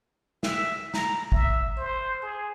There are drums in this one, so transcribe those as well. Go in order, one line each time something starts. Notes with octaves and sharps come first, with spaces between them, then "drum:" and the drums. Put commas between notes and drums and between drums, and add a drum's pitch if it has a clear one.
E5, drum: snare
A#5, drum: snare
E5, drum: kick
C5
G#4